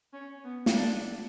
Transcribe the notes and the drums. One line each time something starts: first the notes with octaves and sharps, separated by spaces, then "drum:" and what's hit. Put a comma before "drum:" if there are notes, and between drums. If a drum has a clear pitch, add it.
C#4
B3
drum: snare
D4